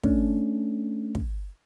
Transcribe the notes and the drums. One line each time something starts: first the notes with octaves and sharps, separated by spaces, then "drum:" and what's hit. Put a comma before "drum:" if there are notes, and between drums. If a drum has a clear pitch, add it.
A3 C#4 D4, drum: kick
drum: kick